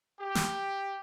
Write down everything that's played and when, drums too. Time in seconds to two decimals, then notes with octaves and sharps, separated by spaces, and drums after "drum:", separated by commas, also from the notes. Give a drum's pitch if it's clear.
0.20 G4
0.35 drum: snare